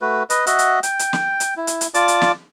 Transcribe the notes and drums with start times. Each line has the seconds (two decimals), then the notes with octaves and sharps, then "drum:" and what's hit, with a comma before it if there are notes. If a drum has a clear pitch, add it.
0.01 A3 F#4 B4
0.30 B4 D#5, drum: hi-hat
0.47 F#4 D#5 E5 F#5, drum: hi-hat
0.59 drum: hi-hat
0.83 G5, drum: hi-hat
0.99 drum: hi-hat
1.13 drum: snare
1.40 drum: hi-hat
1.57 E4
1.67 drum: hi-hat
1.81 drum: hi-hat
1.94 F4 D5 A5 D6, drum: hi-hat
2.08 drum: hi-hat
2.22 drum: snare